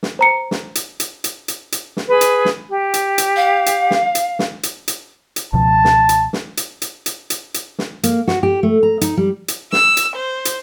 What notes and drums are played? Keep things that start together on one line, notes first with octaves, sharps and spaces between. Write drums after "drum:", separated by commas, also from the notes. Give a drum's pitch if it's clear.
drum: snare
C5 A#5 C#7
drum: snare
drum: hi-hat
drum: hi-hat
drum: hi-hat
drum: hi-hat
drum: hi-hat
drum: snare
G#4 B4
drum: hi-hat
drum: snare
G4
drum: hi-hat
drum: hi-hat
F5
drum: hi-hat
drum: snare
drum: hi-hat
drum: snare
drum: hi-hat
drum: hi-hat
drum: hi-hat
C#2 B2 F3 A5
drum: snare
drum: hi-hat
drum: snare
drum: hi-hat
drum: hi-hat
drum: hi-hat
drum: hi-hat
drum: hi-hat
drum: snare
A#3, drum: hi-hat
F#4, drum: snare
G4
A3
A#5
D#4, drum: hi-hat
G3
drum: hi-hat
E6, drum: snare
drum: hi-hat
C5
drum: hi-hat